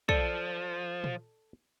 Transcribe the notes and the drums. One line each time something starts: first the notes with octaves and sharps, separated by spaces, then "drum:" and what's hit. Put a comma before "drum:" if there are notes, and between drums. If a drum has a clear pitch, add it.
F3 A4 D5, drum: kick
drum: tom A#2